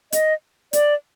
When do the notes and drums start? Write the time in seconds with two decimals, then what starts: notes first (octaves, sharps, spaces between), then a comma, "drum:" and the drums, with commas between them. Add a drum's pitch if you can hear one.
0.12 D#5, drum: hi-hat
0.73 D5, drum: hi-hat